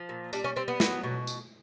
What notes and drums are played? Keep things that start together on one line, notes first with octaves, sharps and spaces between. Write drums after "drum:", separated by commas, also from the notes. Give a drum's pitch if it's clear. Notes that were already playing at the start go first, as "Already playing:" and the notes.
Already playing: F3
A#2
G3 D4, drum: tambourine
C#4
G3 C4
B3
F#3, drum: snare
B2
drum: tambourine